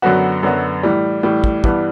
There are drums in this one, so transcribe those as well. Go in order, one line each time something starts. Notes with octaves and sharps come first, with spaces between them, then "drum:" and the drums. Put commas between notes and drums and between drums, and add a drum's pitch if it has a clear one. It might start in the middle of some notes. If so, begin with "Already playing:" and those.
F#2 D3 F#3 B3 F#4
F#2 D3 F#3 B3 F#4
A2 E3 G3
A2 E3 G3
drum: kick
G2 E3 G3 B3, drum: kick